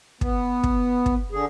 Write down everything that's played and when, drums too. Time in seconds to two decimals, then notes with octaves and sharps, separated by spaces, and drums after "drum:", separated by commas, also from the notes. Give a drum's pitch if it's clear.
0.21 B3, drum: kick
0.63 drum: kick
1.06 drum: kick
1.32 D3 G#4